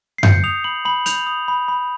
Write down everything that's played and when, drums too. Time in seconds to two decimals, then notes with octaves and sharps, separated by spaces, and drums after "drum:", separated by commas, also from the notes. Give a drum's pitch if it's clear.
0.18 C7
0.23 G6 C#7, drum: tom F#2
0.44 D#6 F7
0.64 B5 F#7
0.85 B5 F#7
1.06 G6 F7, drum: hi-hat
1.27 D#6
1.48 B5
1.68 B5